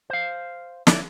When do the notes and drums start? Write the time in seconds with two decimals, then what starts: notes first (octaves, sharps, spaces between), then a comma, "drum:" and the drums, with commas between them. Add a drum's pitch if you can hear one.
0.10 C5 F5
0.87 E4 C#5 D5, drum: snare